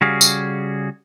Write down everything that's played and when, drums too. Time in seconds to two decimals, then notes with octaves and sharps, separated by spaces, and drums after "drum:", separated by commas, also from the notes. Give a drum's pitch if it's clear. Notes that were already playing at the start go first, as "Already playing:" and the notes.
0.01 C#3 G3 F#4 G#4 F5
0.21 drum: tambourine